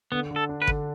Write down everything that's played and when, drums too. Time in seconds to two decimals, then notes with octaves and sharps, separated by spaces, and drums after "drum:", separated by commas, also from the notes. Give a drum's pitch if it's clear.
0.12 D3 B3
0.31 D3
0.36 A4
0.49 D4
0.62 B4
0.67 D3, drum: kick G#1